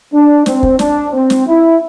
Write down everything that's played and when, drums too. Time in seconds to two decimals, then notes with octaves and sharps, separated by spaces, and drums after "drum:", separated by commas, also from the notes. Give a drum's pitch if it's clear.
0.13 D4
0.46 C4, drum: snare
0.63 drum: kick
0.79 D4, drum: snare
1.13 C4
1.30 drum: snare
1.47 E4